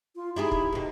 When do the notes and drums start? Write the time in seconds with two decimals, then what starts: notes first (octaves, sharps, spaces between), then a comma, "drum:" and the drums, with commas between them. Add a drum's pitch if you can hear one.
0.16 F4
0.36 D#4 E4 G4 G#4
0.51 drum: kick
0.72 D#2 B2 D#4